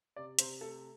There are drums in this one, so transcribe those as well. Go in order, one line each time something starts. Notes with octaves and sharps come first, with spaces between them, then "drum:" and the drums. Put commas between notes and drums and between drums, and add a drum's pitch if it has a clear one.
C3 D5
C3 C5, drum: hi-hat
A3 A4